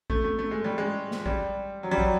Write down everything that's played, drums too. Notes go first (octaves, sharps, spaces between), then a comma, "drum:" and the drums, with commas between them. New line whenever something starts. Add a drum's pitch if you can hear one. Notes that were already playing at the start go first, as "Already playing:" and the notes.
A3, drum: kick
A3
A3
G#3
G3
G#3
drum: snare
G3, drum: kick
F#3
G3
F#3, drum: kick